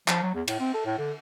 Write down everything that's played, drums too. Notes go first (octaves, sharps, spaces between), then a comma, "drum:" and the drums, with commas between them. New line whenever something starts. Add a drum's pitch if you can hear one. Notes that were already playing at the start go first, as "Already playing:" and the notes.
F3, drum: clap
F#3
E2
A2, drum: cymbal
C4
A4
A2
D3